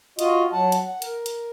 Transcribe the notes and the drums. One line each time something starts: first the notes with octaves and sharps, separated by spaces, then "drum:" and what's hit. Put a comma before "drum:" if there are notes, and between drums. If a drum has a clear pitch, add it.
F4 F#4 D#5, drum: hi-hat
F#3 F#5 A5
drum: hi-hat
F#5
A#4, drum: hi-hat
drum: hi-hat